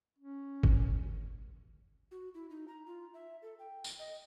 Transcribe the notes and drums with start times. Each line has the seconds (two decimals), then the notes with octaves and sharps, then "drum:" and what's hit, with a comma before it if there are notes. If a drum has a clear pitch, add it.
0.18 C#4
0.63 drum: kick G1
2.11 F#4
2.34 E4
2.50 D#4
2.68 A#5
2.86 F4
3.14 E5
3.42 A4
3.59 G5
3.84 drum: tambourine
3.99 D#5